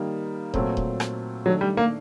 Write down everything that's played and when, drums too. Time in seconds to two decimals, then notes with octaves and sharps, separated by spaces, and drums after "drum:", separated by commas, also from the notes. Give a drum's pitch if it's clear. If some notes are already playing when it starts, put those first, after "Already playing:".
Already playing: D#3 G3 A#3 D#4
0.54 A#2 F#3 A3 C4, drum: kick D#1
0.77 drum: kick D#1
1.00 drum: rim click
1.46 D#3 F#3 A3 D4
1.61 G3
1.77 A#3